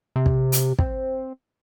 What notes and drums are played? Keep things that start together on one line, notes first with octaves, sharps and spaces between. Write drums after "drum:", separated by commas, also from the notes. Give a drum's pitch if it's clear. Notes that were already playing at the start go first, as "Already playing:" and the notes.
C3
drum: kick
drum: hi-hat
C4, drum: kick